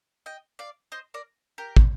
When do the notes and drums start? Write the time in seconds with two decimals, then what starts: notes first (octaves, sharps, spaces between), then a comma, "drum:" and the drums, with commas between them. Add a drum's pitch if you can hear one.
0.26 D#5 G5
0.59 D5 F5
0.92 C5 D#5
1.14 A#4 D5
1.58 G4 A#4
1.76 drum: kick